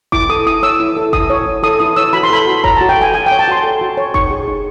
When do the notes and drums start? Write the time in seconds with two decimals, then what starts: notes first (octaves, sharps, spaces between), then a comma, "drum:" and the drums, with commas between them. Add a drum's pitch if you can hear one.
0.12 E4 D6, drum: kick F#1
0.29 A4 D#6
0.46 E4 D#6
0.63 C#5 E6
0.80 E4
0.97 A4
1.13 E4 D#6, drum: kick F#1
1.30 C#5
1.46 E4
1.63 A4 D#6
1.80 E4 D#6
1.96 C#5 E6
2.13 F#4 B5
2.23 C6
2.30 A4 B5
2.47 F#4
2.64 C#5 A#5, drum: kick F#1
2.77 F#4 A5
2.89 G5
2.97 A4 G#5
3.14 F#4 G#5
3.26 C#5 G5
3.39 A5
3.48 F#4 C6
3.64 A4
3.81 F#4
3.97 C#5
4.14 D#4 C#6, drum: kick F#1
4.31 G#4
4.48 D#4